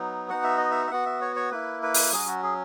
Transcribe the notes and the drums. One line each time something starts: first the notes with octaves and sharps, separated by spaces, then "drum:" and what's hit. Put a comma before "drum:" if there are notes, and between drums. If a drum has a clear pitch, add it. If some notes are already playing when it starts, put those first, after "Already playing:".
Already playing: F#3 B3 D#4
B3 D#4 F#4 F#5
E5
D#5
E5
E5
B3 F#4 F#5
E5
C#5
C#5
A#3 E4 B4
B4
drum: open hi-hat
F#3 C#4 F#4 G#4
F#4
G#4